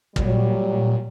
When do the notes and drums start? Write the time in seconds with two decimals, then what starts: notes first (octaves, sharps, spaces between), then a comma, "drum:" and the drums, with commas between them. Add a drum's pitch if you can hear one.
0.16 A#2 F#3 G3, drum: kick